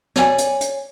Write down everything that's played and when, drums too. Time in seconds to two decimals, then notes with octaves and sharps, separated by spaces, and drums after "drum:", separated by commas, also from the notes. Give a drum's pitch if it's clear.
0.16 C#5 D5 G#5, drum: snare
0.38 drum: hi-hat
0.61 drum: hi-hat